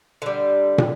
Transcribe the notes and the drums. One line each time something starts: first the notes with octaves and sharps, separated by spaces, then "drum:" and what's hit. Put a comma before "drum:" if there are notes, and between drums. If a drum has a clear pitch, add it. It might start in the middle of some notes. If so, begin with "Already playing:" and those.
D3 G3
drum: tom